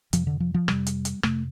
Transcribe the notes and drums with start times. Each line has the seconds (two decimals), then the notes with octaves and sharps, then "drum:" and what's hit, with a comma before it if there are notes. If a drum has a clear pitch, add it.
0.13 F2 C3 F3, drum: hi-hat
0.27 D3
0.40 F3
0.54 F3
0.68 F2 C3 G3, drum: rim click
0.87 drum: hi-hat
1.05 drum: hi-hat
1.23 F2 C3 A3, drum: rim click